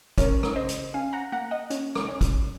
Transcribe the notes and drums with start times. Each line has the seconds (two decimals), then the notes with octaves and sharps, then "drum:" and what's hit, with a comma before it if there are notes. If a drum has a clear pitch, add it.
0.18 C#4 A#4 C#5, drum: kick, hi-hat
0.43 drum: rim click
0.55 C#3 C5 D#5
0.69 drum: hi-hat
0.94 C#4 F5 G#5
1.13 F#5 A#5
1.32 A#3 F#5 A#5
1.51 D#5 F#5
1.70 C#4, drum: hi-hat
1.95 drum: rim click
2.09 C#4
2.21 drum: kick, hi-hat